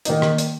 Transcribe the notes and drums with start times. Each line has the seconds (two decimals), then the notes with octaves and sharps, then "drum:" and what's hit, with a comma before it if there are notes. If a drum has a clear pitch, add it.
0.05 D#3 A#3 D#4, drum: hi-hat
0.22 drum: rim click
0.38 drum: hi-hat